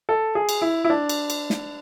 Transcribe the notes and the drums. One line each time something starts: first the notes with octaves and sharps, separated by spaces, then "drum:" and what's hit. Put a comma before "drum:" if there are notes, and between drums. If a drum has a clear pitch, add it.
A4
G#4
drum: cymbal
E4
E4
D4
drum: cymbal
drum: cymbal
drum: snare